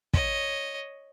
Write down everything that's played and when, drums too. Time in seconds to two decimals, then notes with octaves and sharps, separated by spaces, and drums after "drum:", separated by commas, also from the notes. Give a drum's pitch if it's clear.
0.14 C#5 D#5, drum: kick